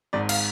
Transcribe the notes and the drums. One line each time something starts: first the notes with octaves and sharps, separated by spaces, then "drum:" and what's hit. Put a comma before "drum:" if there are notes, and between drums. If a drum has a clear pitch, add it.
G#1 G#2 D5
F5, drum: cymbal